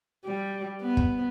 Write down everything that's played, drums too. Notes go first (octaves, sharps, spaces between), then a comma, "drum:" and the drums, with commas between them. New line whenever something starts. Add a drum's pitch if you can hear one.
G3
B3
drum: kick